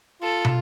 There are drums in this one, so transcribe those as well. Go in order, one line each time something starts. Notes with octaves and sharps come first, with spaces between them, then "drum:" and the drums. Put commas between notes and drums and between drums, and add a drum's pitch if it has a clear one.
F4 A4
drum: tom